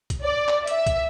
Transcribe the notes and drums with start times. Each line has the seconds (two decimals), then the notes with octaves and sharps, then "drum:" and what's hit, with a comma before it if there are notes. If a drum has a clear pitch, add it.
0.10 drum: kick, hi-hat
0.24 D5
0.48 drum: clap
0.67 E5, drum: hi-hat
0.87 drum: kick, hi-hat